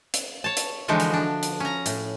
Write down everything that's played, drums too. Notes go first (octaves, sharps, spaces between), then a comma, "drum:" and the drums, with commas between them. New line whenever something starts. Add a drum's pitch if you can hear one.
drum: hi-hat
C#5 A5
drum: hi-hat
D3 E3 F3 G#3 D#4 F#4
drum: hi-hat
D4
drum: hi-hat
C#4 A#5
A2, drum: hi-hat